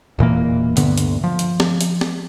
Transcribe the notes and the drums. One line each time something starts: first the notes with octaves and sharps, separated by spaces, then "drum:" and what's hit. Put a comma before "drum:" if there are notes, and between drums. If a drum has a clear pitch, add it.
E1 A#2 E3 A#3
D2 G2 D3 B3, drum: hi-hat
drum: hi-hat
F3
drum: hi-hat
drum: snare
drum: hi-hat
drum: snare